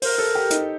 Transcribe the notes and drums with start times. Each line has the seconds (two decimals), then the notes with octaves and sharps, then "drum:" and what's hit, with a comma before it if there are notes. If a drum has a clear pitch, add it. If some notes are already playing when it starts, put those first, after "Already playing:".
0.02 A#4 C5, drum: open hi-hat
0.18 A4
0.35 G4
0.50 D#4, drum: hi-hat